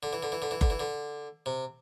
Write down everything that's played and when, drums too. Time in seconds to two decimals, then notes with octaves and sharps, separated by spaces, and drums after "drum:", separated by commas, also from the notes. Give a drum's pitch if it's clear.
0.03 D3
0.13 E3
0.23 D3
0.32 E3
0.42 D3
0.51 E3
0.61 D3, drum: kick F#1
0.70 E3
0.80 D3
1.46 C3